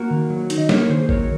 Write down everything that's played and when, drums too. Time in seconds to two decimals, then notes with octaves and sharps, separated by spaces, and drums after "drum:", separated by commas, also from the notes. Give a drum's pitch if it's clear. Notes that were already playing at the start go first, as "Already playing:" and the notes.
Already playing: A#3 F#4 A#4
0.11 D#3
0.30 F#3
0.50 D#4, drum: hi-hat
0.58 D#5
0.69 A#3 A#4 C#5, drum: snare
0.90 D#3 G#4 C5
1.09 F#3 A#4 C#5, drum: kick G#1